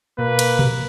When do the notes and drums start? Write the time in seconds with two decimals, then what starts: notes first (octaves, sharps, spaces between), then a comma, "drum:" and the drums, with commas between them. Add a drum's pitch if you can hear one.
0.19 B2 A#3 B4
0.39 drum: cymbal
0.59 drum: tom B2